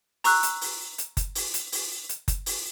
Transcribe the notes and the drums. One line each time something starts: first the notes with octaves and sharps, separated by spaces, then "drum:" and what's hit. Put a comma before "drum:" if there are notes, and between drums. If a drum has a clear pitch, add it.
A#5 C#6 E6 F#6, drum: open hi-hat
drum: hi-hat
drum: open hi-hat
drum: hi-hat
drum: kick F#1, hi-hat
drum: open hi-hat
drum: hi-hat
drum: open hi-hat
drum: hi-hat
drum: kick F#1, hi-hat
drum: open hi-hat